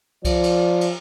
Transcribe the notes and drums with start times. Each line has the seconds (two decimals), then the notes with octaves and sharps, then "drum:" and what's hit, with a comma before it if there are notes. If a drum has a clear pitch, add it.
0.25 F3 D5, drum: kick C2, cymbal
0.43 drum: cymbal
0.81 drum: cymbal